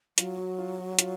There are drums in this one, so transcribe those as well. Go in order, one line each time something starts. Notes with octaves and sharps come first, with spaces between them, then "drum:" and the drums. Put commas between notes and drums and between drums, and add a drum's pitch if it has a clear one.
F#3 F4, drum: hi-hat
F#4
F4
F#4
F#4
F4, drum: hi-hat